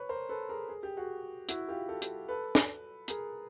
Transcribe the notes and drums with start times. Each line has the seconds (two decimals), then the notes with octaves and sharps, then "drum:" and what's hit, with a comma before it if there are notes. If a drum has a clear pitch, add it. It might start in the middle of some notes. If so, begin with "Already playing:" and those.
Already playing: B4 C#5
0.09 A#4 C5
0.29 A4 B4
0.49 G#4 A#4
0.69 G#4
0.83 G4
0.97 F#4 G#4
1.49 E4 F#4, drum: hi-hat
1.68 F4 G4
1.88 G4 A4
2.02 drum: hi-hat
2.28 A4 B4
2.55 drum: snare
3.08 G#4 A#4, drum: hi-hat